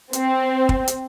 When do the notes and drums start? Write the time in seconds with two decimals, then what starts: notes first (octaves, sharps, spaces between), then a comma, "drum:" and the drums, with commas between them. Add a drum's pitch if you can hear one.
0.13 C4, drum: hi-hat
0.69 drum: kick
0.88 drum: hi-hat